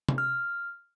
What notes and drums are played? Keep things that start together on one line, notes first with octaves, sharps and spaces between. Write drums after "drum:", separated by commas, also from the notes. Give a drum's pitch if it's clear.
drum: tom
F6